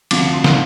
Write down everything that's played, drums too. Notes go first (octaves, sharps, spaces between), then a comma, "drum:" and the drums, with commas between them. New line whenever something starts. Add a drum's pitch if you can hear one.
D2 C3 F3 D6, drum: cymbal
C6
C3 F3, drum: snare